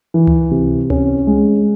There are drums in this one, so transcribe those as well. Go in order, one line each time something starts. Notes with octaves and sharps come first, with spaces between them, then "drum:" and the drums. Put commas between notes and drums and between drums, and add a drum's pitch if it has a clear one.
E3
drum: tom C#2
C3
C#4, drum: tom C#2
G#3